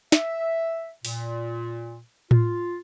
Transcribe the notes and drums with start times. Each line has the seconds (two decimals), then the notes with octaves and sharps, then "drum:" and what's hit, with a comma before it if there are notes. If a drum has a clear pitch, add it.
0.12 E5, drum: snare
1.05 A#2, drum: open hi-hat
2.31 F4, drum: tom A2